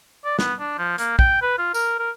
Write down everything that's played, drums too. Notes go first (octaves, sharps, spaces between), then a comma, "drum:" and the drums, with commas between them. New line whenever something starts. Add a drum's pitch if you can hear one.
D5
B3, drum: snare
D4
F3
A#3, drum: hi-hat
G5, drum: kick
B4
F4
A#4, drum: tambourine
A#4